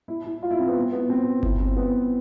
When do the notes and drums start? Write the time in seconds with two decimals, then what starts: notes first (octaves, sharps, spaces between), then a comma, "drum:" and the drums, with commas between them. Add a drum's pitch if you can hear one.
0.08 E4
0.25 E4
0.43 F4
0.51 E4
0.59 C4
0.68 B3
0.93 B3
1.10 C4
1.43 E4, drum: kick G1
1.60 C4
1.77 B3